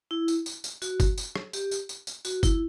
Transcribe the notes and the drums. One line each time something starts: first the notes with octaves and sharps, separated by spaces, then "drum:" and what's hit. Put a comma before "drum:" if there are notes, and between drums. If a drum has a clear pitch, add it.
E4
drum: tambourine
drum: tambourine
drum: tambourine
F#4, drum: tambourine
drum: kick G1, tambourine
drum: tambourine
drum: rim click
G4, drum: tambourine
drum: tambourine
drum: tambourine
drum: tambourine
F#4, drum: tambourine
E4, drum: kick G1, tambourine